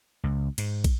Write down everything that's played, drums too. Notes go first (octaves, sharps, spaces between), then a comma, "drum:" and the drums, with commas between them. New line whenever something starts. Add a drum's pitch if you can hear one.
C#2
G#2, drum: cymbal
drum: kick, cymbal